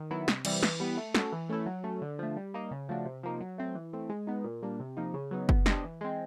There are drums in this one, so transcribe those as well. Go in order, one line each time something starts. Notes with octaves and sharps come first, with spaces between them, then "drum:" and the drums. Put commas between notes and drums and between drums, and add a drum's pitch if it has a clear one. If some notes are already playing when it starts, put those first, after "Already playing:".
Already playing: D#3
F#3 B3 E4
C3, drum: snare
E3 G3 C4 E4, drum: cymbal
E3, drum: snare
G3 B3
A3
C#4 F#4 A4, drum: snare
E3
A3 C#4 E4 A4
F#3
A3 C#4
D3
F3 A3
G3
A#3 D#4
C#3
F3 A3 D4 F#4
C3
F3 A#3 D#4
F#3
A3 C4
E3
A3 C4
G#3
B3 D#4
A#2
G3 A#3 D4
C3
F3 A#3 D#4
C#3
F#3 B3 D#4
B3, drum: kick
D4 G4 C5 D#5, drum: snare
E3
G#3 C4